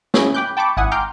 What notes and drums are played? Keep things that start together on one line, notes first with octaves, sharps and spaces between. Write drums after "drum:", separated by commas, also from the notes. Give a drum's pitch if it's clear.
C#4 E4 G#4, drum: snare
G5 B5 D6 F#6 G6
G5 A5 B5 C#6 D6
G#1 E4 F#5 G#5 D#6
G5 A#5 C6 D6 F6 G6